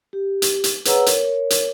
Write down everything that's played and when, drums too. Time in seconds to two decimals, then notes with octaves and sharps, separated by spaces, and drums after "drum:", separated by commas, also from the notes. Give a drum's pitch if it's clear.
0.13 G4
0.42 drum: hi-hat
0.64 drum: hi-hat
0.85 G#4 B4 C#5 F#5 A#5 E6, drum: hi-hat
1.06 A#4 C#5, drum: hi-hat
1.50 drum: hi-hat